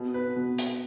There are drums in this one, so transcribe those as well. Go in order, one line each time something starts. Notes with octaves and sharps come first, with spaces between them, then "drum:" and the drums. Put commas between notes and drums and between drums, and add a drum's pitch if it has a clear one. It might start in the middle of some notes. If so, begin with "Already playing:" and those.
Already playing: B2
B4
B2
drum: hi-hat